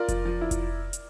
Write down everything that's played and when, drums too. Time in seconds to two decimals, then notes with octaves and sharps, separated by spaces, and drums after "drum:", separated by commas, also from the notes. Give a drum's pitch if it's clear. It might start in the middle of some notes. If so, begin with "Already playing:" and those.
Already playing: F4 A#4 D5
0.08 F3, drum: kick F1, hi-hat
0.25 F3
0.41 E4
0.51 drum: kick F1, hi-hat
0.93 drum: hi-hat